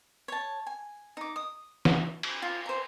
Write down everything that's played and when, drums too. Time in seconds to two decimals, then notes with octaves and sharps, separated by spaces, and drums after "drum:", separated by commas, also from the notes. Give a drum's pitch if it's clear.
0.28 C#5 A5
0.67 G#5
1.17 D#4 D6
1.36 D#6
1.85 drum: snare
2.23 drum: cymbal
2.42 F4
2.66 C5 A#5